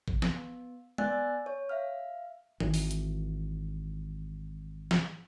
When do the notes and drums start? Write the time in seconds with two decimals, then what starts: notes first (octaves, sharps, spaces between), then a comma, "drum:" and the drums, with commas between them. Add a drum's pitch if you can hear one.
0.08 drum: kick
0.22 B3, drum: snare
0.98 B3 D5 G#5 E6 F#6 A6, drum: tom
1.46 C#5
1.69 E5 F5 F6
2.60 G#1 E3, drum: tom D#3
2.74 drum: open hi-hat
2.91 drum: hi-hat
4.91 drum: snare